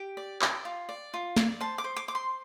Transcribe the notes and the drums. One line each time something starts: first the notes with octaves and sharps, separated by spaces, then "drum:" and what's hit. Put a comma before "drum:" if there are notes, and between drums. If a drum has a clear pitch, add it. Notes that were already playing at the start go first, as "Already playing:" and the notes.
Already playing: G4 G5
D5
D5, drum: clap
F4
D5
F4
D5, drum: snare
C5 A5
D6
C5
D6
C5 D6
C6